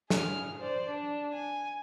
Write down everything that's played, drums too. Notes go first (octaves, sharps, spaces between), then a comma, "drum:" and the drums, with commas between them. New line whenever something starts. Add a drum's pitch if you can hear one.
G#4 F6, drum: snare
C5 D5
D4
G#5